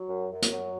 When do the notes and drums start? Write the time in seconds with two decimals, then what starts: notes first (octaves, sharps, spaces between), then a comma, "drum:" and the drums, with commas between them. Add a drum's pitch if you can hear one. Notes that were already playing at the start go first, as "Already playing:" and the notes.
Already playing: F#3
0.09 F#2
0.31 F#2
0.42 drum: hi-hat
0.52 F#3